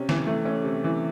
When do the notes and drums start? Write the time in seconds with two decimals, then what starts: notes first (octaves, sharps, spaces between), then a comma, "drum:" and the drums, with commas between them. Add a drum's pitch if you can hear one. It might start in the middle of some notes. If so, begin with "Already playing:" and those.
Already playing: C3 C#4
0.09 E3, drum: snare
0.27 A3
0.45 C#4
0.64 C3
0.84 E3